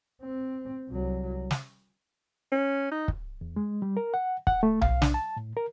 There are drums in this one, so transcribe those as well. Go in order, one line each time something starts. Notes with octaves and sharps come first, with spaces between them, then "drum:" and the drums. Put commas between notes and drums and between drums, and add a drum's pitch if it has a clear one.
C4
C2 F#3
drum: snare
C#4
D#4
drum: kick
E2
G#3
G3
A#4
F#5
F#5, drum: kick
A3
F5, drum: tom B1
D4, drum: snare
A5
A2
A#4